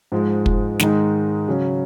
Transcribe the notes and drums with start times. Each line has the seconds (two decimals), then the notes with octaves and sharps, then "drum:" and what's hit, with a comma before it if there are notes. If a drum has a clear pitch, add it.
0.12 G#2 F3 G#3
0.46 drum: kick
0.79 G#2 D#3 G#3 D#4, drum: snare
1.48 C#3 F#3 C#4